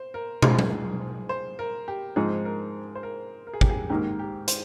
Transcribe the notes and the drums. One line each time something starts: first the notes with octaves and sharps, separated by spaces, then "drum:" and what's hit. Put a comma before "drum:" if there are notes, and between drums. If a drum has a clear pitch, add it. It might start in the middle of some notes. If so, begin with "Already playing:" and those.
Already playing: C5
A#4
G#2 F3 C4 F4 G#4, drum: tom
drum: tom
C5
A#4
G4
G#2 F3 C4 D#4 G#4
A#4
C5
A#4
A#4
G#4
G4, drum: kick
G#4
G#2 D#3 A#3 G4
G4
C5, drum: hi-hat